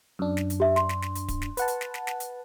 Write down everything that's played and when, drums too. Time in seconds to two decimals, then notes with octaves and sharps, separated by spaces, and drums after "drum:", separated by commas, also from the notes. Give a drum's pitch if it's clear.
0.19 F#2 D4
0.37 drum: snare
0.50 drum: hi-hat
0.60 G4 E5
0.76 C6, drum: snare
0.89 drum: snare
1.02 drum: snare
1.15 drum: hi-hat
1.28 drum: kick D1, hi-hat
1.42 drum: snare
1.57 B4 F#5 A5, drum: hi-hat
1.68 drum: hi-hat
1.81 drum: snare
1.94 drum: snare
2.07 drum: snare
2.20 drum: hi-hat